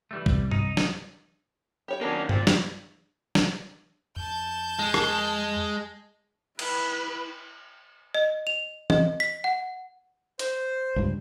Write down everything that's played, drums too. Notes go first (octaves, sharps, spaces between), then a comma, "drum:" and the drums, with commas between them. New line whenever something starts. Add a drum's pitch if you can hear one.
E3 G3 A3
C2, drum: kick
D#4, drum: tom G2
drum: snare
G4 C#5 G5
D#3 E3 F#3 A#3 C#4 D4 A#4
A#2 C4, drum: tom G2
drum: snare
drum: snare
F2 A5 G6
G#3
drum: rim click
E4 B4, drum: cymbal
D#5
F7
D#5, drum: tom E3
B6
F#5
C5, drum: hi-hat
C#2 G2